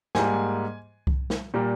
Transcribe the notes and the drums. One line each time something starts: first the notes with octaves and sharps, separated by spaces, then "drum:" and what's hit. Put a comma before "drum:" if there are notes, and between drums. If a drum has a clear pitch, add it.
G#2 G3 A#3 G#5, drum: snare
drum: kick C2
drum: snare
A#2 G3 A#3